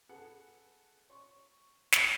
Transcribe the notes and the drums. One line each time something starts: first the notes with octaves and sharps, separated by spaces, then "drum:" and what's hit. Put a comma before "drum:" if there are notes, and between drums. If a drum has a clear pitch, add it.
G#4 A4 B4 F#5
C#5 C#6
drum: snare